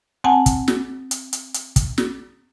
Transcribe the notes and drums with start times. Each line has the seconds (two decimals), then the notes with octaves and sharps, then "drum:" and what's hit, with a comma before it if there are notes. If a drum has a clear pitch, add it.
0.24 C4 F#5 G#5 A5
0.46 drum: kick, hi-hat
0.68 drum: snare
1.11 drum: hi-hat
1.33 drum: hi-hat
1.54 drum: hi-hat
1.76 drum: kick, hi-hat
1.98 drum: snare